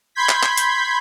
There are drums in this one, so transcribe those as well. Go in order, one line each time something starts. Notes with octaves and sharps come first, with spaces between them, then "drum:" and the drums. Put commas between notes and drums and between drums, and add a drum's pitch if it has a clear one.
B5 C6 G6 G#6 B6
drum: clap
drum: clap
drum: hi-hat